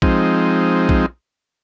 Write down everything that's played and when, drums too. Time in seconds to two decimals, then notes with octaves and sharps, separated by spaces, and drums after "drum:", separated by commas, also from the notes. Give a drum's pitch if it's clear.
0.02 F3 G#3 C4 D#4, drum: kick A#1
0.89 drum: kick A#1